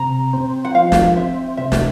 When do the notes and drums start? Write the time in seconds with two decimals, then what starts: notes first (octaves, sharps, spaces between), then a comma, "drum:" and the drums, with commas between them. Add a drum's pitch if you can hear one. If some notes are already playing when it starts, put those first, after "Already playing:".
Already playing: C3 A#5
0.33 C4
0.65 F#5
0.75 F3 F5
0.92 drum: snare
1.16 C4 E5
1.57 C3 E5
1.72 drum: snare